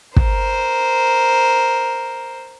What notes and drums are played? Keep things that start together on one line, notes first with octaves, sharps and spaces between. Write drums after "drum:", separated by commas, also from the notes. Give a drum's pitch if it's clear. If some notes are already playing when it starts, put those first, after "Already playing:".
A#4 C5, drum: kick